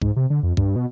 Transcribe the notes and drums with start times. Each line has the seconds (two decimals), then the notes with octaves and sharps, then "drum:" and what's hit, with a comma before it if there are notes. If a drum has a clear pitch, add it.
0.02 G#2, drum: kick
0.16 C3
0.30 D3
0.43 F2
0.57 G2, drum: kick
0.76 B2